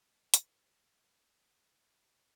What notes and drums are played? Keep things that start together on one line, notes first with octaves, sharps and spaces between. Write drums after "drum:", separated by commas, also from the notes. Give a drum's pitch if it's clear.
B4, drum: hi-hat